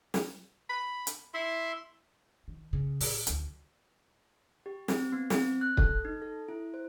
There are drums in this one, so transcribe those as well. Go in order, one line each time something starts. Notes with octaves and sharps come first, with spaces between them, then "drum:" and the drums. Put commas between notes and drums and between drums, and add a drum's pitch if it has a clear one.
drum: snare
B5
drum: hi-hat
E4 E5 C6
D#3
C#3
A2, drum: open hi-hat
D2 D3, drum: hi-hat
G4
C4, drum: snare
B3
C4, drum: snare
F#6
A4, drum: kick
D#4
A4
E4
C5